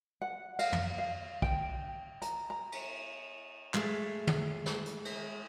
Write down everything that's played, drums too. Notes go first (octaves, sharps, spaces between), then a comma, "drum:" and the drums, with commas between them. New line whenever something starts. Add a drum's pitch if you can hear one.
F#5
F5, drum: cymbal
drum: tom
F5
G5, drum: kick
A#5, drum: hi-hat
A#5
drum: cymbal
G#3 A3, drum: clap
drum: tom
drum: snare
drum: hi-hat
drum: cymbal